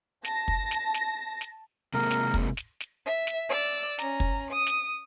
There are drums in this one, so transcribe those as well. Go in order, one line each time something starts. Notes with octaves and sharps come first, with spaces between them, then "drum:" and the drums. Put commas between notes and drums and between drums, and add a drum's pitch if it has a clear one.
A5 A#6, drum: snare
drum: kick
drum: snare
drum: snare
drum: snare
C3 G#3 A#3 A#4
drum: snare
drum: kick
drum: snare
drum: snare
E5
drum: snare
D5 E6
C#4 A#5, drum: snare
drum: kick
D#6
drum: snare